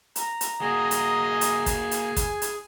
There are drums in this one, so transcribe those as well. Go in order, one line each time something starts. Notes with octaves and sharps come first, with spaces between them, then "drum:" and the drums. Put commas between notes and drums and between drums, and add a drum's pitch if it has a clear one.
A#5, drum: hi-hat
drum: hi-hat
A#3 F#4 G#4 D#5 G#5
drum: hi-hat
drum: hi-hat
drum: kick, hi-hat
drum: hi-hat
drum: kick, hi-hat
drum: hi-hat